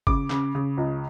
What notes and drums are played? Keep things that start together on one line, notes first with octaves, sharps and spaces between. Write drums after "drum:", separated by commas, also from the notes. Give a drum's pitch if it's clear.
C#3 D6, drum: kick
C#3, drum: clap
C#3
C#2